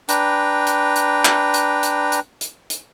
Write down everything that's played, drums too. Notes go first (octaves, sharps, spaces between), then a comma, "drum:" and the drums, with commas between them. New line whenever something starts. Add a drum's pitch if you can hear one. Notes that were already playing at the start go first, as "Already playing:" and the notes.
D4 B4 G5 A#5, drum: hi-hat
drum: hi-hat
drum: hi-hat
drum: clap
drum: hi-hat
drum: hi-hat
drum: hi-hat
drum: hi-hat
drum: hi-hat